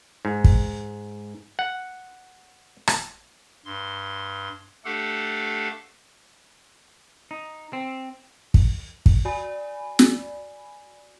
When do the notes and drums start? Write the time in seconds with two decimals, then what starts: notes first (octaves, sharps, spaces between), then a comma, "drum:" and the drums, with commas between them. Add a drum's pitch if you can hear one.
0.25 G#2
0.44 drum: kick
1.59 F#5
2.87 drum: rim click
3.65 G2 C6
4.85 A3 D4 G4 A4 F5 F#5
7.31 D#4
7.73 C4
8.54 drum: kick
9.06 drum: kick
9.25 F#4 D5 G#5 B5
9.99 drum: snare